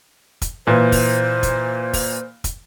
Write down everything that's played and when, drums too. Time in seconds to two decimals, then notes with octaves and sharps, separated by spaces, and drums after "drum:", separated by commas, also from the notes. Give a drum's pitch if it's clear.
0.42 drum: kick, hi-hat
0.67 A#2 E3 C5
0.92 drum: kick, open hi-hat
1.43 drum: kick, hi-hat
1.93 drum: kick, open hi-hat
2.44 drum: kick, hi-hat